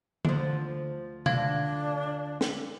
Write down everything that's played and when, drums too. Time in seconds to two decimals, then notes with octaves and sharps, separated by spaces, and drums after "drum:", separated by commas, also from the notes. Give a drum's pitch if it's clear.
0.25 D2 D3 F3, drum: tom D3
1.26 D3 D4 F5 G#6, drum: tom B2
2.41 drum: snare